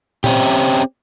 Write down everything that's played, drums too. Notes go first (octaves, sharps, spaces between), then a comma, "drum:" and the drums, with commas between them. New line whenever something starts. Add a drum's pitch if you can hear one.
C4 C#4 G4, drum: tom A#2